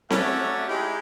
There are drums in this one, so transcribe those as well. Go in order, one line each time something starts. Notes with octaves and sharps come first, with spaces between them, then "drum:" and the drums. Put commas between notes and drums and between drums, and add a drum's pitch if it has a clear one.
F#3 A3 C#4 D5 E5 F#5, drum: snare C4
G#3 D#4 E4 G4